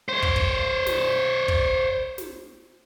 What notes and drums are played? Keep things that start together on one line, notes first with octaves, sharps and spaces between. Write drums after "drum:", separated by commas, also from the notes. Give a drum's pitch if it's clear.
C5 C#5
drum: kick
drum: kick
drum: snare
drum: kick
drum: snare